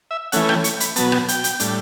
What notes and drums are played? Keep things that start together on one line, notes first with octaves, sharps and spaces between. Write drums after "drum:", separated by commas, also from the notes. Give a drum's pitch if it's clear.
E5
E3 A3 C#4 F#5, drum: hi-hat
G5, drum: rim click
C#6, drum: hi-hat
B5, drum: hi-hat
B2 F#3 B3 A5, drum: hi-hat
drum: rim click
G5, drum: hi-hat
drum: hi-hat
A2 G3 D4, drum: hi-hat